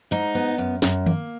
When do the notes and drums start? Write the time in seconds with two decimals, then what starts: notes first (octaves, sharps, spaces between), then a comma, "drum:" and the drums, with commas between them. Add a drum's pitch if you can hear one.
0.11 G#2 D#4
0.35 B3
0.58 F#2
0.82 F#2, drum: snare
1.06 A#3, drum: tom D#3